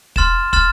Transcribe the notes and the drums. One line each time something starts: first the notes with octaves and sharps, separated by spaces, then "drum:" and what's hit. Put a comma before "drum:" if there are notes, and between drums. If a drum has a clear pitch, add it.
C6 F6 A6 E7, drum: kick
C6 F6 A6 E7, drum: kick